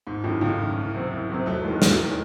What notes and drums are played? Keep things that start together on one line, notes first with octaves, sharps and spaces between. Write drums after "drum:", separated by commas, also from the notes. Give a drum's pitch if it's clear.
G#1 G#2
F#2 A2 D#3
G#1 A2 C#3
F#2 D#3
C2
C3 F#3 C4
C2
C3 F#3 C4
E1 F#3 A3
D#2 D#3 E3 G#3
E1 E3 G#3, drum: snare
D#3